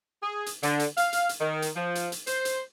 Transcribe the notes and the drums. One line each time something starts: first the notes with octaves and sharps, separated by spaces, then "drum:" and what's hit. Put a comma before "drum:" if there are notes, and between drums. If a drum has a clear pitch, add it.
G#4
drum: hi-hat
D3, drum: hi-hat
drum: hi-hat
F5, drum: hi-hat
drum: hi-hat
drum: hi-hat
D#3
drum: hi-hat
F3
drum: hi-hat
drum: hi-hat
C5, drum: hi-hat
drum: hi-hat